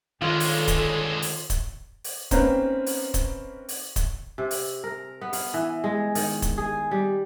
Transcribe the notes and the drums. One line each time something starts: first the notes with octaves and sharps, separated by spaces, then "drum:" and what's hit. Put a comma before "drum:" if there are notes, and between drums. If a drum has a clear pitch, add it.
D3 D#3 G#3 F4 A4 B4 C#5
drum: open hi-hat
drum: kick, hi-hat
drum: open hi-hat
drum: kick, hi-hat
drum: open hi-hat
A#3 C4 C#4 D#4 B4 C5, drum: kick, hi-hat
drum: open hi-hat
drum: kick, hi-hat
drum: open hi-hat
drum: kick, hi-hat
C3
drum: open hi-hat
A#4
B3
F5, drum: open hi-hat
E3
G#3
D#3, drum: open hi-hat
drum: kick, hi-hat
G#4
G3